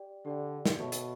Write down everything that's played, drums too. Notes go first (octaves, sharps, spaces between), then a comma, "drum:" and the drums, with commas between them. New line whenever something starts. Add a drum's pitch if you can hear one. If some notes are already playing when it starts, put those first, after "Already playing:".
Already playing: G4 D5 G5
D3 G4 D5 G5
drum: snare
B2 A4 C#5 E5 A5 C#6
drum: hi-hat